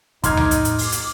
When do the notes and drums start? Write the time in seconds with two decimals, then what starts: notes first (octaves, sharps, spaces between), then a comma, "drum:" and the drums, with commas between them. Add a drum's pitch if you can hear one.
0.24 E2 A2 D#4 C6 D6 F6 G#6, drum: kick, hi-hat
0.37 drum: tom C2
0.51 drum: hi-hat
0.65 drum: hi-hat
0.78 drum: open hi-hat
0.92 drum: hi-hat